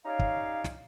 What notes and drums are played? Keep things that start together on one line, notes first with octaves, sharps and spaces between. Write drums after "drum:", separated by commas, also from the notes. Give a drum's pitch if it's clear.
C#4 D#4 G4 C#5 D5 F5
drum: kick
drum: snare